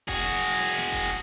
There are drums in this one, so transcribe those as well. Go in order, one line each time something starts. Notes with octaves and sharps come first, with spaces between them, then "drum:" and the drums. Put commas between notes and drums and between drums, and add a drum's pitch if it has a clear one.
F#4 G#4, drum: kick F1, hi-hat
drum: snare
drum: hi-hat
drum: hi-hat
drum: snare
drum: kick F1, hi-hat
drum: snare